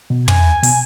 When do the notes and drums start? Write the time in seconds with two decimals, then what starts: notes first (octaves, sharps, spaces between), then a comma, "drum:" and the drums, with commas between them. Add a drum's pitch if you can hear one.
0.10 B2
0.28 G#5, drum: tom
0.63 B2, drum: open hi-hat